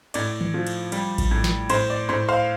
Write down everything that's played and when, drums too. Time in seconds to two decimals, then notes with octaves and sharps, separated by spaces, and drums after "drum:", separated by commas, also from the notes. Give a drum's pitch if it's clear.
0.14 A2 D5, drum: cymbal
0.41 drum: tom D#3
0.54 F3
0.67 drum: cymbal
0.92 G3, drum: cymbal
1.18 drum: kick A1, cymbal
1.31 A2
1.44 drum: snare
1.70 A2 C5, drum: cymbal
1.90 D5
2.09 A2 C5
2.28 C5 F5